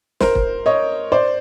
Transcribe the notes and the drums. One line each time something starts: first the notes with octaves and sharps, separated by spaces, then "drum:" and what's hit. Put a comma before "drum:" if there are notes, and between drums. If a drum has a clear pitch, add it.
A#4 C5, drum: snare
drum: kick
C#5 D#5
C5 D5